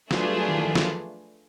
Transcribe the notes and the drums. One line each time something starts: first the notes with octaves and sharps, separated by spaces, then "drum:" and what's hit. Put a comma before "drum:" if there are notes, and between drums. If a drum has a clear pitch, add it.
F#3 A3 D4 F4 G#4 B4, drum: snare
G3
F#3
D#3
E3
F3
F#3, drum: snare